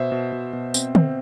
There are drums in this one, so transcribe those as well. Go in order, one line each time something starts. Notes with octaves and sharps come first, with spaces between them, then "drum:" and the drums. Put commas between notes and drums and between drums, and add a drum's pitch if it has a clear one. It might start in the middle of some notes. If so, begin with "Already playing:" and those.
Already playing: B2 C5 E5
B2
B2
B2
C4, drum: tambourine
C4, drum: tom D3